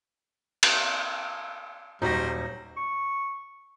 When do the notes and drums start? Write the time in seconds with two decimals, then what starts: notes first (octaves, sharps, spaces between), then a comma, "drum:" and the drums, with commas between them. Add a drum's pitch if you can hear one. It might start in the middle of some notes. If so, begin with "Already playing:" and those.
0.63 drum: cymbal
2.02 D#1 F#3 G3 D#4 F#4 C5 A#6
2.77 C#6